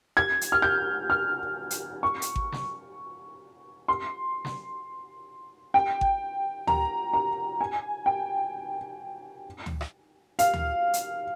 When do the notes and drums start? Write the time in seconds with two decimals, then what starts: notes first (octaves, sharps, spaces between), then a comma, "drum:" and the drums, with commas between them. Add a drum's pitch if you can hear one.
0.17 G#6
0.41 drum: hi-hat
0.52 F6
0.62 G6
1.10 F6
1.70 drum: hi-hat
2.03 C#6
2.22 drum: hi-hat
2.36 drum: kick G#1
2.52 drum: snare
3.88 C6
4.45 drum: snare
5.74 G5
6.01 drum: kick G#1
6.67 A#5, drum: tom D2
7.14 A#5
7.61 G#5
8.06 G5
9.66 drum: tom D2
9.81 drum: rim click
10.39 F5, drum: hi-hat
10.53 drum: tom D2
10.93 drum: hi-hat